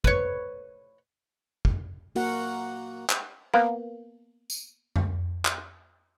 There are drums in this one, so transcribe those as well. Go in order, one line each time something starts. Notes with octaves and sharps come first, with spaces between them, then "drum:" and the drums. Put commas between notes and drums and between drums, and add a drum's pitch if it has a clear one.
B4 C#5, drum: kick
drum: kick
A#3 F#4 A#4 F#5, drum: open hi-hat
drum: clap
A#3 B3 F5
drum: tambourine
drum: tom F2
drum: clap